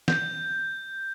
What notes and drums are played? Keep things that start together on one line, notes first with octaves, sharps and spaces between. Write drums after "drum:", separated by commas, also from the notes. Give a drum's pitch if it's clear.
G6, drum: snare